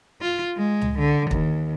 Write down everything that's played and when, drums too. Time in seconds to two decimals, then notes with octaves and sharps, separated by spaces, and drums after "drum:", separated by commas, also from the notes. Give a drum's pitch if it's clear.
0.21 F4
0.57 G#3
0.81 drum: tom C#2
0.99 D3
1.31 D#2, drum: kick